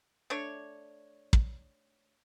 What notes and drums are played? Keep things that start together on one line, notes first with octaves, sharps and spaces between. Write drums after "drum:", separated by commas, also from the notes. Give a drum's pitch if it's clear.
A3 D4 C#5
drum: kick